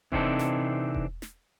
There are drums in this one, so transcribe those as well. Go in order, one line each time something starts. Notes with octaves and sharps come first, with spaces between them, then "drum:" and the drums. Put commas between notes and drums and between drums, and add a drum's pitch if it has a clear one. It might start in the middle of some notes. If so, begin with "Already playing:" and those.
C3 E3 C4 D4 D#4 A4, drum: kick E1
drum: snare
drum: kick E1
drum: snare